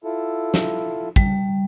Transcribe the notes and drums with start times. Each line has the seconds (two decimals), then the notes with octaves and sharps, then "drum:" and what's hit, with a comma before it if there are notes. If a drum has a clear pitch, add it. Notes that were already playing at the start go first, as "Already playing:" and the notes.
0.04 E4 F4 A4
0.54 drum: snare
1.16 G3, drum: kick